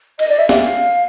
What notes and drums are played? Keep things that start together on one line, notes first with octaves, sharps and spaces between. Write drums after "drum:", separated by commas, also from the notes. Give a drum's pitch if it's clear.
D#5, drum: cymbal
D5
E5
F5, drum: snare